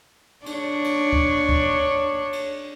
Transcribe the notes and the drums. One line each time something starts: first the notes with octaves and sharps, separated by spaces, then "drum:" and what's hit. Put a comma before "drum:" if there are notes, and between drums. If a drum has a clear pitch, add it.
D4 C#5, drum: cymbal
drum: cymbal
drum: kick C#2
drum: kick C#2
drum: cymbal